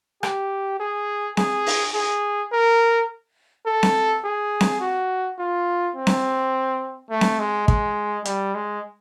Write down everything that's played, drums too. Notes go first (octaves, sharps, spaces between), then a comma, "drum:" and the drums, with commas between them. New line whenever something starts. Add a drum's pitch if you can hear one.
G4, drum: rim click
G#4
G#4, drum: snare C4
drum: open hi-hat
G#4
A#4
A4
drum: snare C4
G#4
drum: snare C4
F#4
F4
C4
drum: snare C4
A3
drum: snare C4
G#3
G#3, drum: kick
G3, drum: hi-hat
G#3